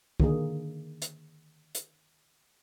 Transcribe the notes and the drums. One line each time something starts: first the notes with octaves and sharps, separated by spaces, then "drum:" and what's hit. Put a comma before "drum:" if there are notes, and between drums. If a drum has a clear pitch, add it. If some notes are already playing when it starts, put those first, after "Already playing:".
D3 D#3 A#3 G#4, drum: kick
drum: hi-hat
drum: hi-hat